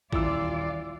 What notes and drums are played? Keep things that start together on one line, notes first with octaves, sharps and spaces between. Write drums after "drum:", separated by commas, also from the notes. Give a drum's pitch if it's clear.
D#1 E3 E4 F4 D5 E6, drum: kick